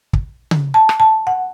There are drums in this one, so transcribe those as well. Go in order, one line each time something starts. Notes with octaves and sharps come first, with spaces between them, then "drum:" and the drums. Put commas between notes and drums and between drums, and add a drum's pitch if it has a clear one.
drum: kick
drum: tom C#3
A5
drum: rim click
A5
F#5